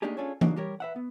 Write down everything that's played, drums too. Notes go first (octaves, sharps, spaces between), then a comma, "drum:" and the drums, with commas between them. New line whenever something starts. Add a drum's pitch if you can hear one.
A3 A#3 D4 D#4 G4 G#4
C#4 D4 F4 G#4 A4 C#5
C#3 F#3 A#3 D4 D#4, drum: tom E3
G3 G4 A#4 C#5
B4 E5 F#5
B3